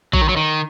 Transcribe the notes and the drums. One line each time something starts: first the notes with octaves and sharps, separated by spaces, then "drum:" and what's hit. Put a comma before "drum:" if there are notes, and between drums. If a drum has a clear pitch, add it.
F#3, drum: kick A#1
D#3
F#3
D#3